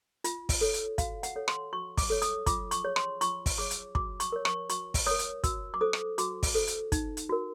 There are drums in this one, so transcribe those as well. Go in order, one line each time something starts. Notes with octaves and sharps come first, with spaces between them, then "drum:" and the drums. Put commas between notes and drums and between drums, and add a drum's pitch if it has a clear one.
F4, drum: hi-hat
drum: kick, open hi-hat
A4 C#5
drum: hi-hat
F#4 F5, drum: kick, hi-hat
F#5, drum: hi-hat
A4 C#5
C6, drum: rim click
F#4 C#6
D6, drum: kick, open hi-hat
A4 C#5
D#6, drum: hi-hat
F4 D6, drum: kick, hi-hat
C#6, drum: hi-hat
G#4 C#5
C6, drum: rim click
F4 C#6, drum: hi-hat
drum: kick, open hi-hat
G#4 C#5 D6
drum: hi-hat
F#4 D6, drum: kick
C#6, drum: hi-hat
A#4 C#5
C#6, drum: rim click
F#4 C#6, drum: hi-hat
drum: kick, open hi-hat
A#4 C#5 D#6
drum: hi-hat
F#4 E6, drum: kick, hi-hat
D6
A4 C5 D#6
drum: rim click
F#4 D6, drum: hi-hat
drum: kick, open hi-hat
A4 C5
drum: hi-hat
D#4, drum: kick, hi-hat
drum: hi-hat
F#4 A#4